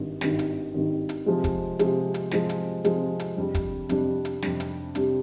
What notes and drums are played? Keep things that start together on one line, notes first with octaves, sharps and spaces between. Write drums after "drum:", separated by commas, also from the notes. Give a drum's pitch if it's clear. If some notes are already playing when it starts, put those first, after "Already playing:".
Already playing: G#1 G2 D#3
G#1 G2 D#3, drum: snare
drum: hi-hat
G#1 G2 D#3
drum: hi-hat
C3 F3 G#3
drum: kick, hi-hat
C3 F3 G#3, drum: hi-hat
drum: hi-hat
C3 F3 G#3, drum: snare
drum: hi-hat
C3 F3 G#3, drum: hi-hat
drum: hi-hat
F2 C3 G3 D4
drum: kick, hi-hat
F2 C3 G3 D4, drum: hi-hat
drum: hi-hat
F2 C3 G3 D4, drum: snare
drum: hi-hat
C3 G3 D4, drum: hi-hat